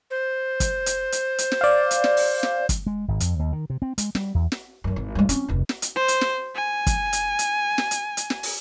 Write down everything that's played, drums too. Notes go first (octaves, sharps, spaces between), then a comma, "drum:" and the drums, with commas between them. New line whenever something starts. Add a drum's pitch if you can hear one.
C5
drum: kick, hi-hat
drum: hi-hat
drum: hi-hat
drum: hi-hat
drum: snare
D5 F5
drum: hi-hat
drum: snare
drum: open hi-hat
drum: snare
drum: kick, hi-hat
G#3
G#1
F2, drum: hi-hat
D#2
D#3
C3
C4
G#3, drum: hi-hat
G3, drum: snare
E2
drum: snare
F#2 D3
G#1
G2 G#3
C4 C#4, drum: hi-hat
F1 D2
drum: snare
drum: hi-hat
C5
drum: hi-hat
drum: snare
G#5
drum: kick, hi-hat
drum: hi-hat
drum: hi-hat
drum: snare
drum: hi-hat
drum: hi-hat
drum: snare
drum: open hi-hat